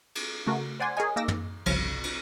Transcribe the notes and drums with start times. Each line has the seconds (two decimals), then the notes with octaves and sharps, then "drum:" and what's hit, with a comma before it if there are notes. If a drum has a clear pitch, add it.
0.15 drum: cymbal
0.46 C#3 A3 F#4 A#4
0.80 C5 D5 F#5 G#5 C6
0.97 G#4 A#4 C#5 D#5 G#5
1.16 A#3 D#4 G#4 D6 E6 A#6
1.28 drum: tom
1.66 G1 C2 C#3 F3 F6, drum: cymbal
2.04 drum: cymbal